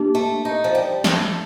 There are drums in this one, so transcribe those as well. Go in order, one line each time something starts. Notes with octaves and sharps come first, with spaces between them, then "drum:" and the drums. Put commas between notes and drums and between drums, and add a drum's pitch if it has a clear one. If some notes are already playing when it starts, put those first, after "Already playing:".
Already playing: A#3 D4 G4
A3
D#4
F3
G3
A3, drum: snare